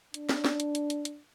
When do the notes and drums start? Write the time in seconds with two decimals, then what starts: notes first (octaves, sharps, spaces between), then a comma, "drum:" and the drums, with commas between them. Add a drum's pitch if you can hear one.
0.14 D4, drum: hi-hat
0.29 drum: snare
0.45 drum: snare
0.60 drum: hi-hat
0.75 drum: hi-hat
0.90 drum: hi-hat
1.05 drum: hi-hat